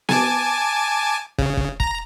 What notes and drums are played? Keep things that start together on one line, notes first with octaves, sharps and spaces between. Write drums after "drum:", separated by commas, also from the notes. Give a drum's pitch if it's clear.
G#5 A5 D6, drum: snare B3
C#3, drum: kick
drum: kick
A#5, drum: kick